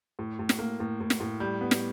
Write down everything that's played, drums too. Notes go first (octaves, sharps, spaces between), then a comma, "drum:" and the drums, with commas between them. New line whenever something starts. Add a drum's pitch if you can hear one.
A2
A2
drum: snare
A#3
A2
A2
drum: snare
A2
G3
B3
drum: snare